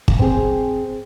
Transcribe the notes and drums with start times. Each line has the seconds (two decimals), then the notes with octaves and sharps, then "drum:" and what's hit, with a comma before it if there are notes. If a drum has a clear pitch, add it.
0.08 drum: kick
0.19 C4 G#4